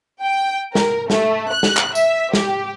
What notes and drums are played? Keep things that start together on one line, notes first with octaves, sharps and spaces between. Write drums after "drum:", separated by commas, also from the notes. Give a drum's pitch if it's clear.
G5
A#4, drum: snare
A3, drum: snare
F#6
drum: snare
drum: clap
E5, drum: tambourine
G4, drum: snare